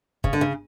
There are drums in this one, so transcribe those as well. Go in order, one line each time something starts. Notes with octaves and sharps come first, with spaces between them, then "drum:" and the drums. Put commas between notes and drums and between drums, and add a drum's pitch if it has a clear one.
C#3, drum: kick
D3
C#3